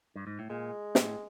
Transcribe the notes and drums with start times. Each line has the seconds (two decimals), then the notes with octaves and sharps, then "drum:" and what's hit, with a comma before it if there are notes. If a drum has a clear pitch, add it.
0.16 G2
0.27 G#2
0.39 A2
0.50 A#2 G#3
0.95 A2, drum: snare